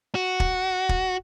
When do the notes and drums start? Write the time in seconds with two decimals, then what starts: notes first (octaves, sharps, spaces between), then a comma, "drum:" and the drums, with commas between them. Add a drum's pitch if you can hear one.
0.15 F#4
0.40 drum: kick
0.89 drum: kick